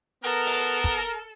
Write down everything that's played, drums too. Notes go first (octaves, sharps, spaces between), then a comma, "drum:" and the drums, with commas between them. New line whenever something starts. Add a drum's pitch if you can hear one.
B3 A4 A#4
drum: open hi-hat
drum: kick